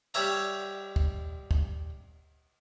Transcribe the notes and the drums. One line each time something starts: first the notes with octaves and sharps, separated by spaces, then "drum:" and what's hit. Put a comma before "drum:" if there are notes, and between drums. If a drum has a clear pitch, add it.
G3 C#5 E5 A#5, drum: cymbal
drum: kick
drum: kick